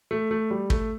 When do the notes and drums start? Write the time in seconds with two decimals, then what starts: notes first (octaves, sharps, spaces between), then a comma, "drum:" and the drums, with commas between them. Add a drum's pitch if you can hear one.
0.11 A3
0.31 A3
0.51 G3
0.70 A3, drum: kick